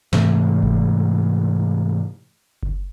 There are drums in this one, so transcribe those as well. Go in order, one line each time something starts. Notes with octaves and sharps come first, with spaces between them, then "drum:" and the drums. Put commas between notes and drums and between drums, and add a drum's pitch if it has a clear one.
G#2 C3 E3 A3, drum: snare
drum: kick F#1
drum: kick F#1